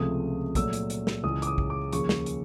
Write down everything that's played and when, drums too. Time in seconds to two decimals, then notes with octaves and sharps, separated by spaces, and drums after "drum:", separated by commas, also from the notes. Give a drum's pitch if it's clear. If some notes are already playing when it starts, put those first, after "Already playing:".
Already playing: C#2 C3 F3 A3 D#6
0.55 A#2 F#3 A3 E6, drum: kick, hi-hat
0.73 drum: hi-hat
0.90 drum: hi-hat
1.07 drum: snare
1.24 C#2 C#3 E3 D#6
1.42 D6, drum: hi-hat
1.47 D#6
1.58 drum: kick
1.70 D6
1.93 D#2 C#3 F3 C#6, drum: hi-hat
2.09 drum: snare
2.26 drum: hi-hat